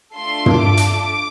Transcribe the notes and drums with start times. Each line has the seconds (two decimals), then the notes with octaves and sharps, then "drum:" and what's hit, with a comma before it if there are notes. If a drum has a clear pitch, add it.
0.14 A3 D4 F4 A4 C6
0.46 drum: tom
0.61 D6
0.77 drum: hi-hat